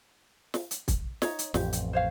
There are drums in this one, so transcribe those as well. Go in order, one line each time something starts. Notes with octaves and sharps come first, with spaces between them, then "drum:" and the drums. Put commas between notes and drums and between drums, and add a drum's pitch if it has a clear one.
drum: snare
drum: hi-hat
drum: kick, hi-hat
D#4 C#5, drum: snare
drum: hi-hat
A1 F2 G4, drum: snare
drum: hi-hat
C5 C#5 F5